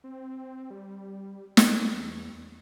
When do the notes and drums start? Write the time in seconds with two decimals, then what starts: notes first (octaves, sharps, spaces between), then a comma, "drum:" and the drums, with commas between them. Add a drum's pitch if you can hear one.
0.04 C4
0.70 G3
1.57 E2, drum: snare